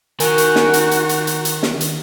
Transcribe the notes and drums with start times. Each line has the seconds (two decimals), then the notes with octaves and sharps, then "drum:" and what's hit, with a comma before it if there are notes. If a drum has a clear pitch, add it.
0.20 D#3 F#4 A#4 G#5, drum: hi-hat
0.38 drum: hi-hat
0.56 drum: snare
0.73 drum: hi-hat
0.91 drum: hi-hat
1.09 drum: hi-hat
1.27 drum: hi-hat
1.45 drum: hi-hat
1.63 drum: snare
1.81 drum: hi-hat